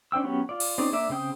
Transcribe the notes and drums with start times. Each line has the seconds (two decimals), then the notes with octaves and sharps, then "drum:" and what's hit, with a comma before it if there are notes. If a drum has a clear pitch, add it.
0.12 C#4 D4 C5 G5 E6
0.24 F#3 B3 C#4 G4
0.49 F4 D5
0.60 drum: cymbal
0.78 C4 C#4 D#4 G#4 D5
0.93 A#3 D4 D5 E5
1.10 C#3 C4 G5 D#6